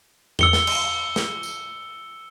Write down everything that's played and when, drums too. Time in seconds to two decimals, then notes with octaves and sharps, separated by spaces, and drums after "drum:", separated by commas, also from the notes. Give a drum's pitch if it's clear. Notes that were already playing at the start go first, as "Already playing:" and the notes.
0.39 E6 C#7 G7, drum: tom E2
0.53 drum: snare
0.67 drum: cymbal
1.16 drum: snare
1.43 drum: tambourine